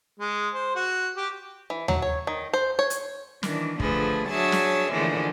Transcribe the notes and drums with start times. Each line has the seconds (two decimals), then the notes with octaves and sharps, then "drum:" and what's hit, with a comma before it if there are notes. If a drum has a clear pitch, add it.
0.19 G#3
0.53 C5
0.76 F#4
1.16 G4
1.70 E3
1.88 F#3, drum: tom D#2
2.02 C#5
2.27 D#3
2.54 C5
2.79 C#5
2.90 drum: hi-hat
3.43 D#3 E3 D4, drum: snare
3.80 D3 F3 A3 G#4 A4 B4, drum: kick
4.28 F#3 D4 G#4 C#5 E5 A5
4.52 drum: snare
4.93 A#2 D3 E3 F3 G#3 A3